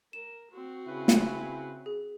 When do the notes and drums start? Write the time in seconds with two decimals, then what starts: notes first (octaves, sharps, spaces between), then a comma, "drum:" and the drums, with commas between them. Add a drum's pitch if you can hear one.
0.13 A#4 E7
0.51 C4 F#4
0.87 C#3 E4 B4
1.08 drum: snare
1.86 G#4